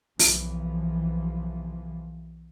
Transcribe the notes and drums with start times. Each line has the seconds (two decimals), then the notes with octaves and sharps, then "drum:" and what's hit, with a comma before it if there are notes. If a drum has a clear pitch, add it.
0.19 B1 C3 E3 F3, drum: open hi-hat